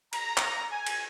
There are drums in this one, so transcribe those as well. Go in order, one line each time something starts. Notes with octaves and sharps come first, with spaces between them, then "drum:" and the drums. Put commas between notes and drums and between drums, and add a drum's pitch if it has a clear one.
A#5, drum: cymbal
drum: clap
G#5
drum: cymbal